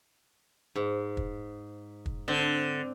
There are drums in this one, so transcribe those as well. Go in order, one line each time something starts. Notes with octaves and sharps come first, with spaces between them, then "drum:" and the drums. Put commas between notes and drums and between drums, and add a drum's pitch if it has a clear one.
G#2
drum: kick
drum: kick
D3 C4